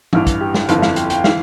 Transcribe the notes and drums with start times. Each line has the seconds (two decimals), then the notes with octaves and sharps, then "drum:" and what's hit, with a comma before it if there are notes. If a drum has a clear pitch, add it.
0.13 A1 G2 E3, drum: tom E3
0.27 drum: kick, hi-hat
0.41 G4
0.54 drum: snare
0.69 G1 F2 E3, drum: hi-hat
0.82 F5, drum: snare
0.96 G5, drum: hi-hat
1.10 G5, drum: hi-hat
1.24 E3 F5, drum: snare